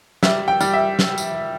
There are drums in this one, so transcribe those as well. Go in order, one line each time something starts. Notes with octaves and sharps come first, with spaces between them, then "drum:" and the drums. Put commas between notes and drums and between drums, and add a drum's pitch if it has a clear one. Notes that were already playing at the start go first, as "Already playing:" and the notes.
G3 E5, drum: snare
G5
G3, drum: tambourine
E5
drum: snare
drum: tambourine